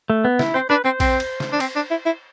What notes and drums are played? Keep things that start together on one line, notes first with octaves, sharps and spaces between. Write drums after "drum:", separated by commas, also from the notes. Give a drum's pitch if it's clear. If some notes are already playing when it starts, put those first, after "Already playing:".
A3
B3
E4, drum: snare
C4 C5
D4 B4
C4 C5
C4, drum: kick A#1, cymbal
drum: cymbal
drum: snare
D4
C4, drum: cymbal
D4
E4
E4